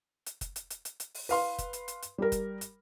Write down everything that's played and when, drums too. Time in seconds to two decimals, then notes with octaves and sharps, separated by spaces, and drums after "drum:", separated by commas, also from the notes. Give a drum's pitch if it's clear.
0.26 drum: hi-hat
0.41 drum: kick F#1, hi-hat
0.56 drum: hi-hat
0.70 drum: hi-hat
0.85 drum: hi-hat
1.00 drum: hi-hat
1.15 drum: open hi-hat
1.29 B4 F5 C6, drum: open hi-hat
1.59 drum: kick F#1, hi-hat
1.73 drum: hi-hat
1.88 drum: hi-hat
2.03 drum: hi-hat
2.18 G3 A#4
2.32 drum: kick F#1, hi-hat
2.61 drum: hi-hat